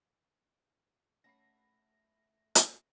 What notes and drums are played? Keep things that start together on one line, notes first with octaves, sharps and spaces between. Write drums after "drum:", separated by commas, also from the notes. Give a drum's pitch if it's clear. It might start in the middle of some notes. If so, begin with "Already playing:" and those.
A3 C#4 E5 F#5 B5 A#6 C7
drum: hi-hat